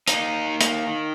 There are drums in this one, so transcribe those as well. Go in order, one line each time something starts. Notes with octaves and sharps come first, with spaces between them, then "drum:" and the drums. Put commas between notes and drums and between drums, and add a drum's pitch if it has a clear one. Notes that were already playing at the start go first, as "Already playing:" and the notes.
A#3 D#4, drum: hi-hat
D#3
drum: hi-hat
D#3